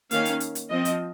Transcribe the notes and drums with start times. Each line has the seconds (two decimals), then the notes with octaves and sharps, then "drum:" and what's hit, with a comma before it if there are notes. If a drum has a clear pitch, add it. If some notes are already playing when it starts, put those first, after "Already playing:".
0.11 D#3 A#3 C#4 F5, drum: hi-hat
0.25 drum: hi-hat
0.40 drum: hi-hat
0.55 drum: hi-hat
0.70 F3 C4 D#5
0.85 drum: hi-hat